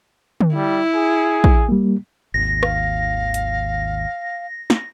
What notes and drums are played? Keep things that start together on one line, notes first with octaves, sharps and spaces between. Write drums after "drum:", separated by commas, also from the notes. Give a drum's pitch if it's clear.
drum: tom D3
G3 E4
G#4
drum: kick
G3 A#3
G#1 D#2 A#6
F5, drum: rim click
drum: hi-hat
drum: snare